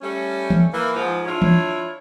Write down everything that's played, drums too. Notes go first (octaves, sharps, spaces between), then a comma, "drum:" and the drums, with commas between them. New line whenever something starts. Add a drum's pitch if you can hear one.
G3 A3 C#4
drum: tom E3
E3 A#3
G#2 F3
D4 E4 F4 C#5
drum: tom E3